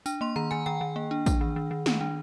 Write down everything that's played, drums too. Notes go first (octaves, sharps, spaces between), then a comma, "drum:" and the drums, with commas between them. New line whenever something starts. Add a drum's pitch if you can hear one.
D4, drum: tambourine
A#3 C6
D#3 A#5
D#3 G#5
D#3 G5
D#3
A#3
D4
D4, drum: kick, tambourine
D#3
D#3
D#3
D#3, drum: snare
D4